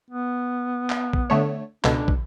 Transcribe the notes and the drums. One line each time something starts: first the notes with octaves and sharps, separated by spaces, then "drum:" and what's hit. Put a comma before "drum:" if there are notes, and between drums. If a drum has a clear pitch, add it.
B3
drum: clap
drum: kick
D3 A3 C#5
C#2 B2 D4 A4, drum: clap
drum: kick